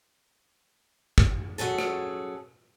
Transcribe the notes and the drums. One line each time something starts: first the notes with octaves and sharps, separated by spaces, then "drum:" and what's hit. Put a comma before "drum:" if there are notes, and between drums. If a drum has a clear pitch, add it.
drum: kick
F#3 C#4 G#4 A4
drum: rim click